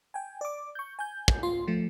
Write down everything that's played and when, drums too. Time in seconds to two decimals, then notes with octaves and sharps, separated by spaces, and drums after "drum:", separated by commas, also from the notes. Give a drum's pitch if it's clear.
0.14 G5 G#5
0.41 D5 D6
0.75 C#6 G6
0.99 G#5 G6
1.28 drum: kick
1.43 F4 C6
1.67 F3 A3